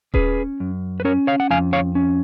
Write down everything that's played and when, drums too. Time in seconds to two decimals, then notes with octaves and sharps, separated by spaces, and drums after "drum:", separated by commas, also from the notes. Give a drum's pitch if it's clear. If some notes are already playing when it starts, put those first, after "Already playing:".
0.14 C#4 G#4 B4, drum: kick D#1
0.60 F#2
1.00 B4
1.05 C#4 A#4 C#5
1.27 C#5 F5
1.40 F#5
1.50 F2 F5 G#5
1.73 C#5 F5
1.95 C#4